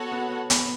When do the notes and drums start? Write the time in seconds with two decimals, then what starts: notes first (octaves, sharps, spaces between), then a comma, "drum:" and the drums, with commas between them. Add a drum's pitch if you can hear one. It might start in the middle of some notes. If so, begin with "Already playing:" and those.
Already playing: B3 F#4 A4 C#5 F#5
0.12 B3
0.50 B3, drum: hi-hat